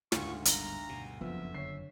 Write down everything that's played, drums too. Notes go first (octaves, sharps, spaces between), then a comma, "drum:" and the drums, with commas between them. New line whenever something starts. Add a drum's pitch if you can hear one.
D2 G#2 C#3 F5 C#6, drum: snare
G1 A#5, drum: hi-hat
G2 B2
F#1 F2 F3 B3 E5
D3 C#5 C7